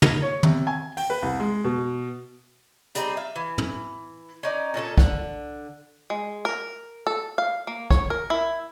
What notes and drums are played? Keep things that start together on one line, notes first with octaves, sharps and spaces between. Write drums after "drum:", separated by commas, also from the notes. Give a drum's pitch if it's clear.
drum: tom
C#5
C3, drum: tom
G#5
G5, drum: open hi-hat
B4
C2
G#3
B2
G3 C4 D#4 G#4, drum: hi-hat
E5 F5
E3
drum: tom
C#4 D#4 D5
A#2 C#4 D#4 A4
D3, drum: kick
G#3
A#4
A4
F5
A#3
C#5, drum: kick
A#4
E4